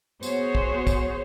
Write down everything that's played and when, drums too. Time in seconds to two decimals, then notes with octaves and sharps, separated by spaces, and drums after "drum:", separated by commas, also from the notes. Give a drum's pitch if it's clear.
0.23 B3 F#4 G#4 C5 C#5, drum: tambourine
0.55 drum: kick
0.87 drum: kick, tambourine